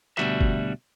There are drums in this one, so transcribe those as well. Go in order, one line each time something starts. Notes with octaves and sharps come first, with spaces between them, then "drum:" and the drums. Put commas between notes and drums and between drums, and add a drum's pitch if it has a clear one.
D2 B2 G3 F#4 E5, drum: clap
drum: kick